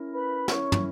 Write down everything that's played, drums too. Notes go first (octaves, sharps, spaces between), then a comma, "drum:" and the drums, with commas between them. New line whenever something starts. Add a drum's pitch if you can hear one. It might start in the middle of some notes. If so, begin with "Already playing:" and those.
Already playing: C#4 E4 A#4
B4 B5
C#4 E4 A#4 C#5 C#6, drum: snare
drum: tom